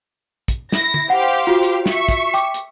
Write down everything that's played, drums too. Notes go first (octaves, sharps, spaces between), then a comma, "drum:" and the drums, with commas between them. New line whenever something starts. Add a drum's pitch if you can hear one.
drum: kick, hi-hat
E4 A#6, drum: snare
drum: tom
G4 C5 F5 F#5
F4 F#4
drum: hi-hat
E5 C#6, drum: snare
drum: kick, hi-hat
G5 D6, drum: hi-hat
drum: hi-hat